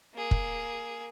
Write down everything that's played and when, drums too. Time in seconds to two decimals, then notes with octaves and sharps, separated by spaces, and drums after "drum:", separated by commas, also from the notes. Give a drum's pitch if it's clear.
0.15 A#3 G#4
0.31 drum: kick